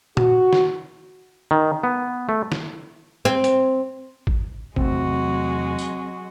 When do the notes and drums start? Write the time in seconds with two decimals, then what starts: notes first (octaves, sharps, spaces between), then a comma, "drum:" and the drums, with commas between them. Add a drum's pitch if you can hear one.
0.17 F#4, drum: tom A#2
0.53 drum: snare
1.51 D#3
1.84 B3
2.29 A3
2.52 drum: snare
3.25 C4
3.44 drum: hi-hat
4.27 drum: kick
4.76 E2 C3 F#3 G#3 A3 C4 F#4, drum: kick
5.78 drum: tambourine